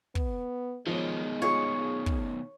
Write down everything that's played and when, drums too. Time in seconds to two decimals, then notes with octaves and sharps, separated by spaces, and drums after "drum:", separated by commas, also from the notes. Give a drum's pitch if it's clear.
0.15 B3, drum: kick
0.87 B2 D#3 F3 G#3 C#5
1.42 F4 G#4 C#5
2.06 drum: kick